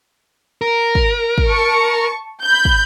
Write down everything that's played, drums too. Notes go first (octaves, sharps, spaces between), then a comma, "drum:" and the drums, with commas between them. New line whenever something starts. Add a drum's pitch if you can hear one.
A#4
drum: kick
drum: kick
A5 C#6
B5 G6
drum: kick